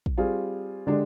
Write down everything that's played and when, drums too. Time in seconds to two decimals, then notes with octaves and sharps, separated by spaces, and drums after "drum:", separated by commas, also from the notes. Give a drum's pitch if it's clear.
0.06 drum: kick
0.18 G3 C4 F4 G#4
0.87 D3 G#3 D4 G4